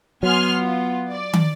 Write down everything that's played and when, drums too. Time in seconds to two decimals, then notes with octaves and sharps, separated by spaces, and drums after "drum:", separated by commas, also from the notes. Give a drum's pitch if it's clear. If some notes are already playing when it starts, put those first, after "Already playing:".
0.23 F#3 B3 G#5 C6 F6
0.59 F4
1.12 D5
1.33 drum: tom